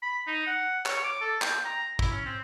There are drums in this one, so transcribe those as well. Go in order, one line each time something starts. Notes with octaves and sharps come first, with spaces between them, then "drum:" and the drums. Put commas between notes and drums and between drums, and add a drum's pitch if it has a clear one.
B5
D#4
F#5
C#5, drum: clap
D6
A4
G5, drum: clap
A#5
E4, drum: kick
C#4
C4